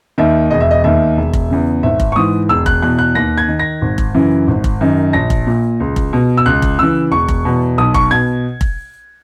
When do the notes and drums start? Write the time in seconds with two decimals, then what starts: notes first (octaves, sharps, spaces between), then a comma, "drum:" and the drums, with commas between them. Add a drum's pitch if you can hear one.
0.18 D#2 D#3 E5
0.51 E1 D#5
0.61 E5
0.71 D#5
0.84 D#2 D#3 E5
1.17 E1
1.33 drum: kick F1
1.50 E2 C#3
1.83 G#1 E5
2.00 drum: kick F1
2.12 C#6
2.16 G#2 E3 D#6
2.49 E1 E6
2.66 F#6, drum: kick F1
2.82 E2 B2 F#6
2.99 F#6
3.15 D#2 A#6
3.38 G#6
3.48 D#3
3.59 A#6
3.81 G#1
3.98 drum: kick F1
4.14 F#2 C#3 E3
4.47 G#1
4.64 drum: kick F1
4.81 F#2 D#3
5.13 A#1 A#6
5.30 drum: kick F1
5.47 A#2
5.80 C#2
5.96 drum: kick F1
6.13 B2
6.37 E6
6.46 C#2 F#6
6.62 drum: kick F1
6.79 C#3 E3 E6
7.12 E1 C#6
7.28 drum: kick F1
7.45 E2 B2
7.78 B1 D#6
7.94 C#6, drum: kick F1
8.11 B2 G#6
8.61 drum: kick F1